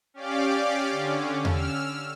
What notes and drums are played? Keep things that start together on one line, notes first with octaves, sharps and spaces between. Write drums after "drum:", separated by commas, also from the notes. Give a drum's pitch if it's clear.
C#4 G4 D5 F5 D6
D3 C#4
E6 F6, drum: tom E2